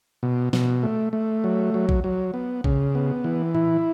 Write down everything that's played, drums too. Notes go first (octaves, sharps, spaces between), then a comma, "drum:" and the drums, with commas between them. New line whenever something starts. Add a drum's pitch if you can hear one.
B2
B2, drum: snare
A3
A3
F#3
F#3
drum: kick A1
F#3
B3
C#3, drum: kick A1
B3
E3
E4, drum: tom A2